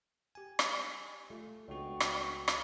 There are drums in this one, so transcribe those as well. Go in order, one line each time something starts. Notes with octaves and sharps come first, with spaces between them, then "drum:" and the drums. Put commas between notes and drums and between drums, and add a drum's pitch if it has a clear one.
G4 G#5
drum: rim click
A3 F4
C#2 B3 C#4 D4 F#4 G5 C#6
drum: rim click
drum: rim click